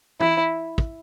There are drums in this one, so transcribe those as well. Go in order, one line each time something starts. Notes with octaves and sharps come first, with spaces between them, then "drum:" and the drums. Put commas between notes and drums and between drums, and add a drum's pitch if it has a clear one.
E4, drum: tom E3
drum: kick